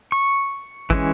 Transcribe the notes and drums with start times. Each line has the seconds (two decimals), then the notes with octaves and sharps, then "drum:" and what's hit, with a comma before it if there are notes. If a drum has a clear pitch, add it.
0.12 C#6
0.90 E3 G#3 C#4, drum: kick G#1